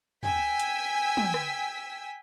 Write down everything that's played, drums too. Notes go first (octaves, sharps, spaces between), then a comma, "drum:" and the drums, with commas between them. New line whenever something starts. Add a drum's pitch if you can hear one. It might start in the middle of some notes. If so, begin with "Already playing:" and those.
G5 G#5 E6 B6, drum: tom
drum: hi-hat
drum: tom
drum: rim click